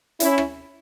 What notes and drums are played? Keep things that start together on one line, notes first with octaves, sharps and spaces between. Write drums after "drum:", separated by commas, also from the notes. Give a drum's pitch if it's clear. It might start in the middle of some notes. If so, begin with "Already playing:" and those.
C#4 E4, drum: hi-hat
drum: rim click